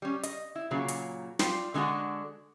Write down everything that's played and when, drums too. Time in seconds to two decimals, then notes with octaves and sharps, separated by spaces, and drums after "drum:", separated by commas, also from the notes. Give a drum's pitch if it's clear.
0.02 G3 C#4
0.23 D#5, drum: hi-hat
0.55 E4
0.71 A#2 C#3 F#3
0.88 drum: hi-hat
1.39 F4 D5 G5, drum: snare
1.74 D3 G#3 C#4 D4 F#4 F#5